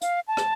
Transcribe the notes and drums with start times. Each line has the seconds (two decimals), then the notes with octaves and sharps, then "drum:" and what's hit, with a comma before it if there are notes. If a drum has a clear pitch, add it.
0.01 F5, drum: hi-hat
0.28 A5
0.37 drum: rim click